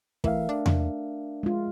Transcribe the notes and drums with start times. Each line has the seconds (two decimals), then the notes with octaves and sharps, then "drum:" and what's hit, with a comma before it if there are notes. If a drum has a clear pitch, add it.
0.24 E3 A3 A#4 E5 F5, drum: kick
0.49 D4
0.66 drum: tom E2
1.43 G#3 F4